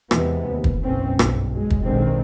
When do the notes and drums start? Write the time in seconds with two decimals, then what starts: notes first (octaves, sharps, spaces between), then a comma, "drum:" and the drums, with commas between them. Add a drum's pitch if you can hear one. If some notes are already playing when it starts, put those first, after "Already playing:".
0.11 E2 C3 E3 G#3 B3, drum: rim click
0.48 D#2
0.64 drum: kick
0.82 F#1 B1 C4 C#4
1.19 B1 G2, drum: rim click
1.53 F#3 G#3
1.70 drum: kick
1.84 B1 D3 D#3 G#3 C4